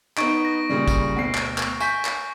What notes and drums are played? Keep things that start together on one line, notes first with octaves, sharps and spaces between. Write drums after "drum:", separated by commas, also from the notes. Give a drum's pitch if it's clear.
B3 D#4 C#6 D7, drum: clap
A#6
A#2 C#3 G3
drum: kick, tambourine
D2 B2 C7
drum: clap
drum: clap
G#5 C#6 G6 B6, drum: tambourine
drum: clap